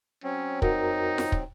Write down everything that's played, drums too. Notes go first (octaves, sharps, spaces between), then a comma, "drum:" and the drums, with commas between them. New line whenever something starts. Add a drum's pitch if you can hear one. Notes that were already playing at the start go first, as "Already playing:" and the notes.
F#3 C4 C#4
F2 D#4 F#4 A#4, drum: kick
drum: snare F4
drum: kick